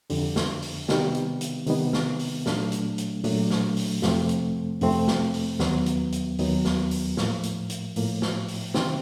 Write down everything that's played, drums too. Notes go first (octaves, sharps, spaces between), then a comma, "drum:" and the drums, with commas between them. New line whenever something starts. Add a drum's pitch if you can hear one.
F2 D3 G3, drum: open hi-hat
drum: snare
drum: open hi-hat
C3 D#3 G3 B3 D#4, drum: snare
drum: hi-hat
drum: hi-hat
C3 D#3 G3 B3 D#4, drum: open hi-hat
drum: snare
drum: open hi-hat
A#2 F#3 A3 D4, drum: snare
drum: hi-hat
drum: hi-hat
A#2 F#3 A3 D4, drum: open hi-hat
drum: snare
drum: open hi-hat
F2 C3 F3 A3 C4, drum: snare
drum: hi-hat
F2 C3 F3 A3 C4, drum: open hi-hat
drum: snare
drum: open hi-hat
D#2 D#3 F#3 B3, drum: snare
drum: hi-hat
drum: hi-hat
D#2 D#3 F#3 B3, drum: open hi-hat
drum: snare
drum: open hi-hat
A2 F3 A#3, drum: snare
drum: hi-hat
drum: hi-hat
A2 F3 A#3, drum: open hi-hat
drum: snare
drum: open hi-hat
C3 D#3 G3 C4 D#4, drum: snare